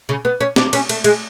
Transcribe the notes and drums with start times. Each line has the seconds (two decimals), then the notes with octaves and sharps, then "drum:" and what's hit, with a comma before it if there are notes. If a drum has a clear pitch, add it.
0.09 C#3
0.25 B3
0.41 C#4
0.56 D4, drum: snare
0.73 C#4, drum: cymbal
0.89 A3, drum: cymbal
1.04 G#3, drum: cymbal